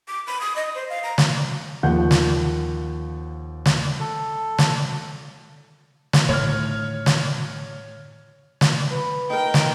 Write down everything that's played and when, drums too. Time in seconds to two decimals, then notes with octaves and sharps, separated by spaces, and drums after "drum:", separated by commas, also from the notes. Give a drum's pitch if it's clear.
0.08 D6
0.27 B5
0.41 D#6
0.56 D#5
0.75 C5
0.89 F5
1.03 A#5
1.18 drum: snare
1.83 D#2 F3 F#5 G6
2.11 drum: snare
3.66 drum: snare
4.00 A4
4.58 drum: snare
6.13 drum: snare
6.29 A2 D3 D#3 C#5 F6
7.06 drum: snare
8.61 drum: snare
8.91 B4
9.30 D#4 A#4 G5
9.54 drum: snare